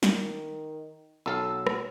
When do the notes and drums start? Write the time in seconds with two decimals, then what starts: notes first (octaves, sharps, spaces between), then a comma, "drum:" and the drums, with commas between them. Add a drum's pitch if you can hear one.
0.03 D#3, drum: snare
1.26 B1 F#3 A4 F5 E6
1.67 drum: rim click